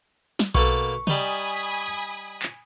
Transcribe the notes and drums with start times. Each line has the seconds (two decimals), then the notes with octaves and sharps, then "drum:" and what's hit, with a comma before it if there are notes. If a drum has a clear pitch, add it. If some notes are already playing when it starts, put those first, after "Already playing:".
0.39 drum: snare
0.55 B2 A#3 A4 C#6, drum: kick B1
1.07 G3 D#4 G#5 B5 D#6, drum: tom
2.42 drum: clap